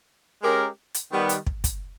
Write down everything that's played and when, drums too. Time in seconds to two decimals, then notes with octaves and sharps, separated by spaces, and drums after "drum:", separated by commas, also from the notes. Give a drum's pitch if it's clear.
0.42 G#3 C#4 G4 A#4
0.94 drum: hi-hat
1.12 D#3 G3 B3
1.29 drum: hi-hat
1.47 drum: kick
1.64 drum: kick, hi-hat